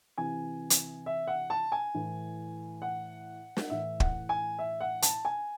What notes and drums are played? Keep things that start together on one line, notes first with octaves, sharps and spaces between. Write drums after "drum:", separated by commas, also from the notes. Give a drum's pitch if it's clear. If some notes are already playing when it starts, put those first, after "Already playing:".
C3 E3 G#5
drum: hi-hat
E5
F#5
A5
G#5
A2 E3
F#5
drum: snare
A2 E3 E5
F#5, drum: kick
G#5
E5
F#5
A5, drum: hi-hat
G#5